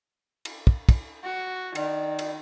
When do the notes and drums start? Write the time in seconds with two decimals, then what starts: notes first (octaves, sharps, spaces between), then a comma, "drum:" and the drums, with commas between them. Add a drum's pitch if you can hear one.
0.45 drum: cymbal
0.67 drum: kick
0.89 drum: kick, cymbal
1.24 F#4
1.75 D#3 D5, drum: cymbal
2.19 drum: cymbal